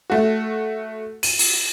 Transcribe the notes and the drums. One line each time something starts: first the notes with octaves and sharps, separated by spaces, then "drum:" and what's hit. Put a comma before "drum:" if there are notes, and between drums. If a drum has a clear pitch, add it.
A3 F#4
D#7, drum: open hi-hat
drum: open hi-hat